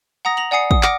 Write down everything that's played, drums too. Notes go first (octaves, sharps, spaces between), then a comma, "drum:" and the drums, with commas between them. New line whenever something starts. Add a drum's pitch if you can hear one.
F#5 A#5 D#6 A#6
A#6 F7 F#7
D5 F#5 G#5 D#6 C7 C#7
D#6, drum: kick
F#5 D6 D#6 F6 A#6 D7, drum: clap